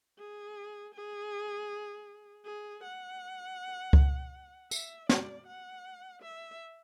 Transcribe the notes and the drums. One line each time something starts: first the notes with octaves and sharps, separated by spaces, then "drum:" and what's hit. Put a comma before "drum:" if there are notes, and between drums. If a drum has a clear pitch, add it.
G#4
G#4
G#4
F#5
drum: kick C#2
E5, drum: tambourine
D5, drum: snare
F#5
E5